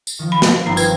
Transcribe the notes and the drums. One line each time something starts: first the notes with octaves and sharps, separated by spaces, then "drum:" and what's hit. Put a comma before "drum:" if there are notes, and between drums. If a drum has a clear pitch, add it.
drum: tambourine
D#3 F3
B5
drum: snare
G1 C4 D#4 A#5
F4 A#4 B4, drum: tambourine